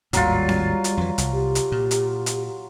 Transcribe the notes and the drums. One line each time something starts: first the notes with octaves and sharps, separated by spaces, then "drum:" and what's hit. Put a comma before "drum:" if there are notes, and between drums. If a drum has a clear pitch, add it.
G#1 D#2 A2 F#3 G3 F4, drum: hi-hat
drum: snare C4
drum: hi-hat
F2 E3
C2, drum: hi-hat
G4
drum: hi-hat
A#2
drum: hi-hat
drum: hi-hat